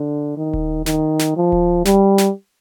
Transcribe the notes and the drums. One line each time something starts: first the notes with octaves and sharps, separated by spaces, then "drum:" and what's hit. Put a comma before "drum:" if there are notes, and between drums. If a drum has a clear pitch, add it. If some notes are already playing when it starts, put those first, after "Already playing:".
Already playing: D3
D#3
drum: kick D#1
D#3, drum: snare
drum: snare
F3
drum: kick D#1
G3, drum: snare
drum: snare